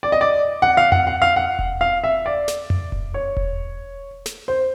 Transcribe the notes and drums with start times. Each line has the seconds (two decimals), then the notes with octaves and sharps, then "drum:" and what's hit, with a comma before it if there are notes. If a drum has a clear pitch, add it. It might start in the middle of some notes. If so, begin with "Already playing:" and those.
0.03 D5
0.12 D#5
0.21 D5
0.62 F#5
0.77 F5
0.92 F#5, drum: tom F2
1.07 F#5
1.22 F5
1.36 F#5
1.59 drum: kick E1
1.81 F5
2.04 E5
2.26 D5
2.48 drum: snare
2.70 drum: tom F2
2.92 drum: kick E1
3.14 C#5
3.37 drum: kick E1
4.26 drum: snare
4.48 C5